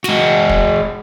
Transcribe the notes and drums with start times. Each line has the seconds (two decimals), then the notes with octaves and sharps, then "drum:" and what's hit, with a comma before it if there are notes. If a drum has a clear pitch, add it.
0.04 G#3 F#4, drum: snare
0.49 drum: kick